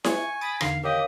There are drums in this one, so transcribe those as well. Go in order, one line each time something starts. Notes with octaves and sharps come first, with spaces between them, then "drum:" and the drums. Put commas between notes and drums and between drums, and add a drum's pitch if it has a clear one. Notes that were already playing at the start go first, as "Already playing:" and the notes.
G#5 C#6, drum: snare E4
B5 D#6 A6 D7
E2 D3 D#3 F5, drum: rim click
G4 A#4 C#5 D#5 F5